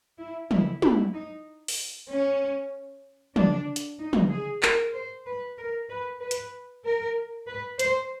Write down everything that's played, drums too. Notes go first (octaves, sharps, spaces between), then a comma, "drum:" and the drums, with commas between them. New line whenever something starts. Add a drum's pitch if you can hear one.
E4
E4, drum: tom
E4, drum: tom
D#4
drum: open hi-hat
C#4
D4, drum: tom
drum: hi-hat
D#4
drum: tom
G#4
A#4, drum: clap
C5
B4
A#4
B4
B4
drum: hi-hat
A#4
B4
C5, drum: hi-hat